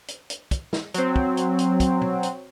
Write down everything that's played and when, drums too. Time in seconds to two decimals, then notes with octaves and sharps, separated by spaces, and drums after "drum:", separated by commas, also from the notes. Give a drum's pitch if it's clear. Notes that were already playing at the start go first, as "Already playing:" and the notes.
0.08 drum: hi-hat
0.30 drum: hi-hat
0.51 drum: kick, hi-hat
0.73 drum: snare
0.94 F#3 C4, drum: hi-hat
1.16 drum: kick
1.37 drum: hi-hat
1.59 drum: hi-hat
1.80 drum: kick, hi-hat
2.02 drum: tom
2.23 drum: hi-hat